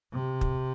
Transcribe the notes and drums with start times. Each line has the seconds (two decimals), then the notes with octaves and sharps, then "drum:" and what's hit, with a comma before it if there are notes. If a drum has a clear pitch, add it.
0.13 C3
0.41 drum: kick